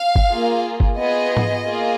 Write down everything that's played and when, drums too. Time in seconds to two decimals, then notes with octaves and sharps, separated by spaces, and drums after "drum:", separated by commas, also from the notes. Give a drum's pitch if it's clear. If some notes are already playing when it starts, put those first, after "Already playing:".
Already playing: F5
0.16 drum: kick G1
0.32 A#3 F4 G#4
0.80 drum: kick G1
0.98 B3 F4 G#4 D#5
1.37 drum: tom G#2
1.63 A#3 F4 G#4